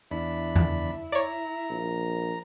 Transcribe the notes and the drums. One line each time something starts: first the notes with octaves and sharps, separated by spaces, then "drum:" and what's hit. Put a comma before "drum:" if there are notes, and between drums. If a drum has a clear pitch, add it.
E2 D4 E4 B5
drum: tom E2
C#5 D5 A#5
A#1